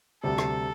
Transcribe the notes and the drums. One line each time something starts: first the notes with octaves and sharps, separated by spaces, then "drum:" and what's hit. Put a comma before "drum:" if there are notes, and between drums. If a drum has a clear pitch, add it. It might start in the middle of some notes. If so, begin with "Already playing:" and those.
D2 C3 G3 A4
drum: rim click